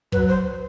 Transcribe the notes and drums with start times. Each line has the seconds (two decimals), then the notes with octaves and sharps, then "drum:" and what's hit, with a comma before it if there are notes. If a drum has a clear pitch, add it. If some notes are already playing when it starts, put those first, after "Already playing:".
0.12 F#3 B4, drum: kick
0.29 C5